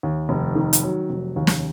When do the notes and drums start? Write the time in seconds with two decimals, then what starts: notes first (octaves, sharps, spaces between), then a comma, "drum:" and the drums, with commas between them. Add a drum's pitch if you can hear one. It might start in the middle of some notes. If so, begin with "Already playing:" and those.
0.03 D#2
0.29 F1
0.55 D#3
0.73 drum: hi-hat
0.83 F#3
1.10 F1
1.36 D#2
1.47 drum: snare